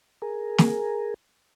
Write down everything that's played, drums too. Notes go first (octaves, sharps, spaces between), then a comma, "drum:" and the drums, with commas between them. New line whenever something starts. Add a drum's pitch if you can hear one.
G#4 A#4
drum: snare